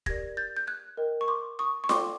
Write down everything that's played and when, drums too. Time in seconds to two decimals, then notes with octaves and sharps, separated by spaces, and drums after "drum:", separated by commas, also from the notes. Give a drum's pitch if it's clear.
0.06 G4 A#4 D5 G#6 A#6, drum: kick
0.37 G6 A6
0.57 G6
0.67 F#6 G#6
0.97 A#4 D#5 G5
1.21 C#6
1.28 C6 D6
1.59 C#6 D#6
1.84 C#6
1.89 A4 D5 G5 C6 D6, drum: snare F4